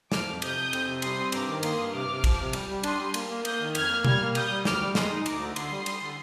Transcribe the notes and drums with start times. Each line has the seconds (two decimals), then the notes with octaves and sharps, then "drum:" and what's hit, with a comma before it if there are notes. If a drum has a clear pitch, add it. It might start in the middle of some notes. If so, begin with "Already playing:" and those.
0.12 F3 D6 F6, drum: snare
0.27 F2
0.42 C3 D#6 G6, drum: cymbal
0.58 F2
0.73 C4, drum: cymbal
0.87 C3
1.02 G3 C6 D#6, drum: cymbal
1.17 C4
1.32 G2 A#5 D6, drum: cymbal
1.48 D#3
1.63 A#3 C6 D#6, drum: cymbal
1.79 G2
1.93 C3 D6 F6
2.09 C3
2.24 F3, drum: kick, cymbal
2.39 C3
2.53 G3, drum: cymbal
2.69 G3
2.83 D4 C6 D#6, drum: cymbal
2.99 G3
3.14 A#3, drum: cymbal
3.29 A#3
3.45 A#3 D#6 G6, drum: cymbal
3.60 D#3
3.75 F2 F6 G#6, drum: cymbal
3.90 A#3
4.05 G3 F6 G#6, drum: tom B2
4.20 A#3
4.35 G3 D#6 G6, drum: cymbal
4.51 G3
4.65 D2 D6 F6, drum: snare
4.81 G3
4.95 G#3 C6 D#6, drum: snare
5.11 D#4
5.26 D2 A#5 D6, drum: cymbal
5.41 D3
5.56 D3 C6 D#6, drum: cymbal
5.71 G3
5.86 G3, drum: cymbal
6.02 D3